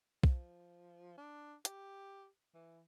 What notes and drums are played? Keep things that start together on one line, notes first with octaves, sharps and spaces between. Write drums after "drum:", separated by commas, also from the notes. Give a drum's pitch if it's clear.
F3, drum: kick
D4
G4, drum: hi-hat
E3